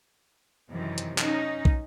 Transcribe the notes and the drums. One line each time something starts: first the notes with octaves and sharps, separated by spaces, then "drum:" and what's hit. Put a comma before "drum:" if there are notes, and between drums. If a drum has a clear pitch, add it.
F#2 C3 D#3 E3
drum: hi-hat
C#4 D#4, drum: clap
drum: kick